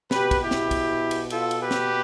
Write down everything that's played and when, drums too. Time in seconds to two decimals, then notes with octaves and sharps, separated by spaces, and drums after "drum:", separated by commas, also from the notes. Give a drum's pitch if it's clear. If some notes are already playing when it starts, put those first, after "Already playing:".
0.11 B2 G4 B4, drum: snare
0.31 drum: kick, cymbal
0.41 E4 G4
0.51 drum: snare
0.71 drum: kick, cymbal
1.11 drum: cymbal
1.30 F4 A4, drum: cymbal
1.51 drum: cymbal
1.61 G4 B4
1.71 drum: snare